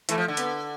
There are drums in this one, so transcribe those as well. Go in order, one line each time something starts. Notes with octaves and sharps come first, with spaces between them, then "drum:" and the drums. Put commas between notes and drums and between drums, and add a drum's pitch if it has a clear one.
E3 A3, drum: hi-hat
F3
D3
B3, drum: hi-hat